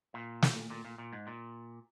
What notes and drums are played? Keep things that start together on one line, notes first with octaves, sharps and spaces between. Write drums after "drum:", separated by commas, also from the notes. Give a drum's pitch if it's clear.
A#2
drum: snare
A#2
A#2
A#2
G#2
A#2